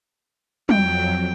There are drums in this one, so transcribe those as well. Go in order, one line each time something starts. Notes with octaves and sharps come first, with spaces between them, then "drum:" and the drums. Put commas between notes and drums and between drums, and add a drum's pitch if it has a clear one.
F2 F#3 G5, drum: tom